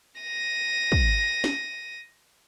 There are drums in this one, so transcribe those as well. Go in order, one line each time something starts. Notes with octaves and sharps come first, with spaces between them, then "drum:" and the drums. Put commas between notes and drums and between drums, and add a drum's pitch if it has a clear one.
A#6 D#7
drum: kick
drum: snare